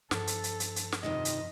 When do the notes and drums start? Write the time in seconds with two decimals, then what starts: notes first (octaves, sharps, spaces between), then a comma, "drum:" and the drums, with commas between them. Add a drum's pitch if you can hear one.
0.11 G2 F3 A4, drum: snare
0.27 drum: hi-hat
0.44 drum: hi-hat
0.60 drum: hi-hat
0.76 drum: hi-hat
0.92 drum: snare
1.03 F2 C3 D#3 D#5
1.25 drum: hi-hat